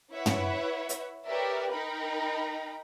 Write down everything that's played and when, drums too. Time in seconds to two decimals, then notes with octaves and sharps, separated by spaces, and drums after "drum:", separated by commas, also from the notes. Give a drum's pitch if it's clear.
0.12 E4 B4 C#5 E5 F#5
0.26 drum: tom
0.89 drum: hi-hat
1.27 G4 A#4 B4 C#5 D5 E5
1.71 D#4 A#4 G5 A#5 B5